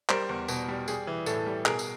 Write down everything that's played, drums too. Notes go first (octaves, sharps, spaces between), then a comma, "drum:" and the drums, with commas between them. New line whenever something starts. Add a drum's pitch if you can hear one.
G3 A#4 C5, drum: clap
E2
B2, drum: tambourine
G3
G3 G#4, drum: tambourine
E3
A2 A4, drum: tambourine
G3
B2 G#4 A#4, drum: clap
drum: tambourine